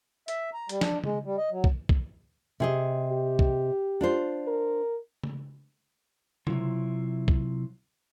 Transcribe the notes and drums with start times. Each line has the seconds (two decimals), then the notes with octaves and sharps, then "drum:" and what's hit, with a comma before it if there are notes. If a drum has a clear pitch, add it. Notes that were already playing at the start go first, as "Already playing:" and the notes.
0.28 E5, drum: hi-hat
0.53 A#5
0.69 G3, drum: hi-hat
0.81 D4, drum: snare
1.04 G#3, drum: tom C#3
1.25 G3
1.37 D#5
1.51 F#3
1.64 drum: kick
1.89 drum: kick
2.60 C3 G#4 D#5
3.12 G4
3.39 drum: kick
4.01 D4 F4 C5
4.47 A#4
5.23 drum: tom C#3
6.47 C3 F#3 E4 F4, drum: tom C#3
7.28 drum: kick